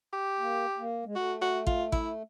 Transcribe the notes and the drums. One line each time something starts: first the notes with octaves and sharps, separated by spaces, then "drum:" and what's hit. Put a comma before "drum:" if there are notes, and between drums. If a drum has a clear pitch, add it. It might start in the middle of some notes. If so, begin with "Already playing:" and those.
G4
A#3
A#3
G#3
A3 F#4
F#4
F4, drum: kick
E4, drum: kick